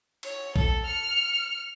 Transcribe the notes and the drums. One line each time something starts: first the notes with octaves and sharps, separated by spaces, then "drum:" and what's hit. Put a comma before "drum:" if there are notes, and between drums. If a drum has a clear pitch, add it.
C#5, drum: cymbal
A4, drum: kick A#1
F6 C#7